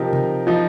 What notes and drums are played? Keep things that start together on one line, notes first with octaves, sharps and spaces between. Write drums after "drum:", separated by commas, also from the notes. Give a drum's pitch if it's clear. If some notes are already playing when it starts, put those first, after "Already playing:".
Already playing: C3 F3 D#4 G4 A#4
drum: tom C3
F3 D#4